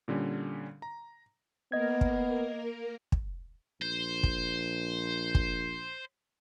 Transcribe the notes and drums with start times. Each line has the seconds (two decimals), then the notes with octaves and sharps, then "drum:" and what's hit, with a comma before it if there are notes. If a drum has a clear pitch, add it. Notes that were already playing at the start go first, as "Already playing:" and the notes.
0.08 A#2 D3 G3 C#4
0.82 A#5
1.72 A#3 B3 A#4 D#5 G#6
2.01 drum: kick
3.12 drum: kick
3.82 A#1 C5
4.23 drum: kick
5.35 drum: kick